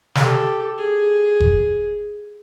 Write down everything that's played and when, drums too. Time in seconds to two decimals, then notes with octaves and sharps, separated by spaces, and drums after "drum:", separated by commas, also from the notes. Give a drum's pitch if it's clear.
0.15 G4 A4, drum: snare
0.78 G#4
1.40 drum: kick F#1